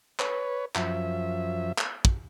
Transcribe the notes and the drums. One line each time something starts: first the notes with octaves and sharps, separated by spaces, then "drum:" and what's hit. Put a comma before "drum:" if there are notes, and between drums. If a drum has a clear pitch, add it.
B4 C#5, drum: clap
F#2 F3 E5, drum: clap
drum: clap
drum: kick